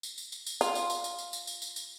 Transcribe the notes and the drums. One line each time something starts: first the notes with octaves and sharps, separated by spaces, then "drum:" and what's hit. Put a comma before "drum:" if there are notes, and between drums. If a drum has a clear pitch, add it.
drum: tambourine
drum: tambourine
drum: tambourine
drum: tambourine
F4, drum: tambourine
drum: tambourine
drum: tambourine
drum: tambourine
drum: tambourine
drum: tambourine
drum: tambourine
drum: tambourine
drum: tambourine